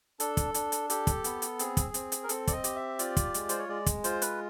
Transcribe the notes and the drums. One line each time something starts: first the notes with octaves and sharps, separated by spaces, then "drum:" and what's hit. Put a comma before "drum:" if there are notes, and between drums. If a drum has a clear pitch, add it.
D4 A4, drum: hi-hat
drum: kick, hi-hat
D4, drum: hi-hat
drum: hi-hat
G4 A4, drum: hi-hat
drum: kick, hi-hat
B3, drum: hi-hat
drum: hi-hat
C4 G#4, drum: hi-hat
drum: kick, hi-hat
C4, drum: hi-hat
drum: hi-hat
A#4
C4 A4, drum: hi-hat
D5, drum: kick, hi-hat
D#5
G4, drum: hi-hat
E5
F4 D5, drum: hi-hat
drum: kick, hi-hat
G#3, drum: hi-hat
C5, drum: hi-hat
C#5
G#3 D5
drum: kick, hi-hat
F4 C5, drum: hi-hat
B4, drum: hi-hat